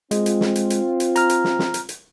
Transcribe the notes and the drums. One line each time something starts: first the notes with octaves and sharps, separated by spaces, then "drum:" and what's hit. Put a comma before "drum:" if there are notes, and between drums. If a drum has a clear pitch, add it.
G#3 C4 F4, drum: hi-hat
drum: hi-hat
drum: snare
drum: hi-hat
drum: hi-hat
drum: hi-hat
A#5 F6, drum: hi-hat
drum: hi-hat
drum: snare
drum: snare
drum: hi-hat
drum: hi-hat